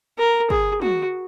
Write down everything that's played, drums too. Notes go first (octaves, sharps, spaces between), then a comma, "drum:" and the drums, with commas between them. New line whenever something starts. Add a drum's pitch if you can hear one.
A#4
G#4, drum: kick
F#4, drum: tom